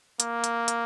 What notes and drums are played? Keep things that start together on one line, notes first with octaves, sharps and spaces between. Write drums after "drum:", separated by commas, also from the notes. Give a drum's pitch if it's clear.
A#3, drum: hi-hat
drum: hi-hat
drum: hi-hat